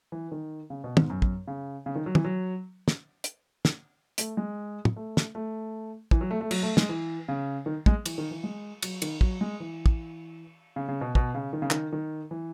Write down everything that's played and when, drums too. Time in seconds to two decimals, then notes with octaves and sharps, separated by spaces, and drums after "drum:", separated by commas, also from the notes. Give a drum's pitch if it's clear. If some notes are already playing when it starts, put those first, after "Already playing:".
0.12 E3
0.32 D#3
0.70 C#3
0.84 B2
0.97 G#2, drum: tom
1.10 F#2
1.22 F#2, drum: kick
1.47 C#3
1.86 C#3
1.96 D#3
2.06 F#3
2.15 E3, drum: tom
2.25 F#3
2.88 drum: snare
3.24 drum: hi-hat
3.65 drum: snare
4.18 A3, drum: hi-hat
4.37 G#3
4.85 drum: tom
4.96 A3
5.17 drum: snare
5.35 A3
6.11 E3, drum: kick
6.21 F#3
6.31 A3
6.41 A3
6.51 F#3, drum: cymbal
6.63 A3
6.77 G#3, drum: snare
6.89 E3
7.28 C#3
7.66 D#3
7.86 G#3, drum: kick
8.06 E3, drum: cymbal
8.18 D#3
8.31 E3
8.44 G#3
8.82 F#3, drum: cymbal
9.02 D#3, drum: cymbal
9.21 F#3, drum: kick
9.41 G#3
9.60 E3
9.86 drum: kick
10.76 C#3
10.88 C#3
11.01 B2
11.15 B2, drum: kick
11.35 C#3
11.53 D#3
11.62 C#3
11.71 D#3, drum: clap
11.93 D#3
12.31 E3